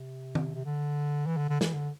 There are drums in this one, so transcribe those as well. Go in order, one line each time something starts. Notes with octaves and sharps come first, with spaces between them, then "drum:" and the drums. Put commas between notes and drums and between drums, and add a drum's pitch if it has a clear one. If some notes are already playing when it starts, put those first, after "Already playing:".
Already playing: C3
drum: tom D#3
C3
D3
E3
D3
D3
E3, drum: snare
D3